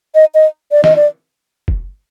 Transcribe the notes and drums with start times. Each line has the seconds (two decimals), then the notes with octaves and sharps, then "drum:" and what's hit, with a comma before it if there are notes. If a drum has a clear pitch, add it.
0.15 D#5
0.34 D#5
0.72 D5
0.84 D#5, drum: snare
0.96 D5
1.68 drum: kick